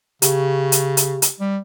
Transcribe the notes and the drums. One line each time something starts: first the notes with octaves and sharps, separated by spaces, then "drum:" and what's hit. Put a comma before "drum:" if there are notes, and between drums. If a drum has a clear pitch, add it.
C#3 G4, drum: hi-hat
drum: hi-hat
drum: hi-hat
drum: hi-hat
G3